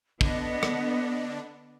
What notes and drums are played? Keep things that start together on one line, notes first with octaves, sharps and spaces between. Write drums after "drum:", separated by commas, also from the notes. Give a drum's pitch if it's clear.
D3 B3 D4 D#5, drum: kick
drum: rim click